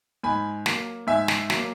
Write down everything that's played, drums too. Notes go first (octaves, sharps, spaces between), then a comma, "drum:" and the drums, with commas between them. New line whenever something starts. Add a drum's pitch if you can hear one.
G#2 G#5 B5
F#3 A#3, drum: snare
G#2 E5 G#5
drum: snare
F#3 A#3, drum: snare